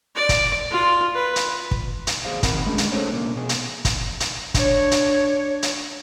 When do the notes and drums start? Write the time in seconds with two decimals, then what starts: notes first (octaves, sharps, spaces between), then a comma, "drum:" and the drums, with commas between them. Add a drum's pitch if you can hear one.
0.16 D5
0.29 drum: kick, hi-hat
0.71 F4
1.15 B4
1.36 drum: hi-hat
1.71 drum: kick
2.07 drum: hi-hat
2.25 D#2 G#4 C5 F5
2.43 F#2 D#3 C4 A#4 F#5 B5, drum: kick, hi-hat
2.66 G#3 A3 C#4 D4 G#4
2.78 drum: hi-hat
2.92 C#4 D4 G#4 A4 C5 C#5
3.12 C2 A#2 A#3
3.35 B2 G#4
3.49 drum: hi-hat
3.85 drum: kick, hi-hat
4.20 drum: hi-hat
4.54 D4 C#5, drum: kick, hi-hat
4.91 drum: hi-hat
5.63 drum: hi-hat